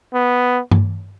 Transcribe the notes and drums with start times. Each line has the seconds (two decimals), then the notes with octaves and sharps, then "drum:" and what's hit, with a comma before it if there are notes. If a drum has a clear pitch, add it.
0.14 B3
0.71 drum: tom G2